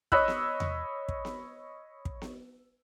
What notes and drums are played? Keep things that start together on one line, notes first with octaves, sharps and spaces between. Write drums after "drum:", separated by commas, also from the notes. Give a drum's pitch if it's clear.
C#5 D#5 B5 E6 F#6, drum: kick
drum: snare B3
drum: tom E2
drum: kick
drum: snare B3
drum: kick
drum: snare B3